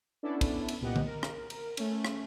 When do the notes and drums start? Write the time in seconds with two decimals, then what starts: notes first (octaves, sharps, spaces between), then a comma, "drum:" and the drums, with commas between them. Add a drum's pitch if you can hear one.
0.23 B3 C#4 D4 E4 A4 D5
0.41 drum: kick, cymbal
0.68 drum: cymbal
0.81 C2 A#2 B3 G4 D#5 F#5
0.96 drum: tom D3
1.06 A#4
1.23 drum: rim click
1.50 drum: cymbal
1.77 A3 C#4, drum: cymbal
2.05 drum: rim click